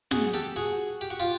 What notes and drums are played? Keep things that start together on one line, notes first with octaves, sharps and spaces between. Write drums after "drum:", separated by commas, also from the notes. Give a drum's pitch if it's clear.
F#4 G#4, drum: snare
G4 A4
F#4 G#4
G4
F#4
F4 G4